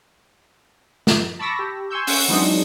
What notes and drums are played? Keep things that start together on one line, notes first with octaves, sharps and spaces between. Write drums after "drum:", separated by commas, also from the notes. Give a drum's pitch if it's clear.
drum: snare
A5 B5 C#6 D6 E6 A#6
G4
G#5 C6 C#6 E6 G6
C#4 F#5, drum: open hi-hat
E3 F#3 G#3 C4 D4 D#4